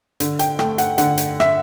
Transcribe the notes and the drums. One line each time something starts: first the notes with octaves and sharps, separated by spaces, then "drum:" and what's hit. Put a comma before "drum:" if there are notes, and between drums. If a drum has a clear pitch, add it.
D3, drum: hi-hat
G5, drum: hi-hat
A3 G5, drum: rim click
F#5, drum: hi-hat
D3 F#5, drum: hi-hat
drum: hi-hat
E5, drum: rim click